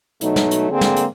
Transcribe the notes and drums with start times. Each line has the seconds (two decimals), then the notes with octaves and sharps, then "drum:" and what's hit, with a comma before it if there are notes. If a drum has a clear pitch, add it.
0.21 B2 F#3 A3 D#4, drum: hi-hat
0.36 drum: snare
0.51 drum: hi-hat
0.70 D3 A#3 C4 G#4
0.81 drum: snare
0.96 drum: hi-hat